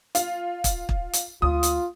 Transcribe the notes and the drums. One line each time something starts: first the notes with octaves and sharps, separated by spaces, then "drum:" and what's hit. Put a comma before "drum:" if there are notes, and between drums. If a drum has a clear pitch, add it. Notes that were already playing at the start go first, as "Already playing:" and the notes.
F4, drum: hi-hat
drum: kick, hi-hat
drum: kick
drum: hi-hat
D2 F4 D#6
drum: hi-hat